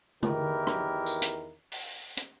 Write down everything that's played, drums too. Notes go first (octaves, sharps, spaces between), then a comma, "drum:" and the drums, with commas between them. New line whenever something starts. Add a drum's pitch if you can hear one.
E2 D#3 E4 G4 A#4, drum: tom
drum: rim click
drum: tambourine
drum: hi-hat
drum: open hi-hat
drum: hi-hat